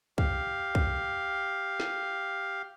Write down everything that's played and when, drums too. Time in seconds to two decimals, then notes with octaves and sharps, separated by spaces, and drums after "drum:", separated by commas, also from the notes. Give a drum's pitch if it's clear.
0.18 G4 F5, drum: kick
0.75 drum: kick
1.80 drum: snare